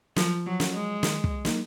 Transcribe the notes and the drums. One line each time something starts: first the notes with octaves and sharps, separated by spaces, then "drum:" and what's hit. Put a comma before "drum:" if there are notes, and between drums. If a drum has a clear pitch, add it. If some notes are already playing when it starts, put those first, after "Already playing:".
F3 F#3, drum: snare
F#3
C#4 F#4, drum: snare
G#3
D#3, drum: snare
drum: kick
F#3 A#3 D#4, drum: snare